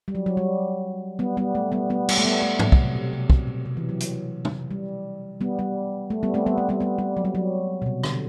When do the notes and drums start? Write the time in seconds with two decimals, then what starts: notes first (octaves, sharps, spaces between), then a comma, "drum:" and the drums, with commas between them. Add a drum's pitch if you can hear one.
0.08 G3
0.15 F#3
0.26 F#3
0.37 G3
1.19 G3 B3
1.37 G3 B3
1.55 A3
1.72 G3 B3
1.90 G3 B3
2.09 G3, drum: cymbal
2.17 A3
2.25 G3 B3
2.42 A3
2.59 F#3, drum: tom G#2
2.72 C3, drum: kick
2.84 C3
2.95 B2
3.13 C3
3.30 C3, drum: kick
3.47 B2
3.65 C3
3.77 E3
3.89 F#3
4.00 drum: hi-hat
4.45 drum: tom
4.71 G3
5.41 G3 B3
5.59 G3
6.10 A3
6.23 G3 B3
6.34 A3 C4
6.46 G3 B3
6.58 A3
6.69 G3 B3
6.80 G3 B3
6.99 G3
7.17 F#3
7.25 G3
7.35 F#3
7.82 B2
7.86 C3
8.04 D3, drum: rim click